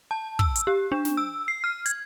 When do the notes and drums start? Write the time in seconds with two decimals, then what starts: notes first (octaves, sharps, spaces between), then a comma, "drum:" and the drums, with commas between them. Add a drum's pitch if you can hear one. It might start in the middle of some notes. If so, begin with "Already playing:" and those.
0.11 A5
0.39 E6, drum: kick
0.55 drum: hi-hat
0.67 G4
0.92 D4
1.05 drum: snare
1.17 E6
1.48 C7
1.64 F6
1.86 G#6, drum: hi-hat